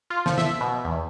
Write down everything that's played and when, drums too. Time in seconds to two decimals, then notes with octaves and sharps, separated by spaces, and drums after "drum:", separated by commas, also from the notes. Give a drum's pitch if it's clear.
0.10 F4
0.26 F3, drum: snare
0.38 E5, drum: snare
0.61 B2
0.85 E2